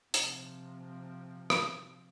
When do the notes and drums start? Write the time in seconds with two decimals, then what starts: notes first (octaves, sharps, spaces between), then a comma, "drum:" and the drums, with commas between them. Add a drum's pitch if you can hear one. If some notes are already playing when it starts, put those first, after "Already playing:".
0.14 C3 F3, drum: hi-hat
1.50 drum: rim click